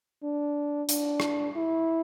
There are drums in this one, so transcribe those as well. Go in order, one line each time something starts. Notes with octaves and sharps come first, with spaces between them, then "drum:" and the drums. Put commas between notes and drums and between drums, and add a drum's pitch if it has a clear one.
D4
D4, drum: hi-hat
drum: rim click
E4